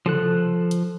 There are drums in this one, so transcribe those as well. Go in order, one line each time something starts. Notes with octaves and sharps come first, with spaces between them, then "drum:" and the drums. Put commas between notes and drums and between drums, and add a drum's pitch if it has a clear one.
F3 A4 F#6, drum: tom
drum: hi-hat